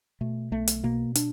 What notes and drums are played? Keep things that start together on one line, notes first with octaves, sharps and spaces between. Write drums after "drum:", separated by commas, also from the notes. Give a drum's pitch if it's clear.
B2 A3
B1 A3
drum: hi-hat
B2 A#3
D4, drum: hi-hat